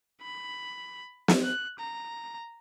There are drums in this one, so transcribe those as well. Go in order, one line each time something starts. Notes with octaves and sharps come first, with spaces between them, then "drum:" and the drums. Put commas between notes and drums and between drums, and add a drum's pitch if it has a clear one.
B5
drum: snare
F#6
A#5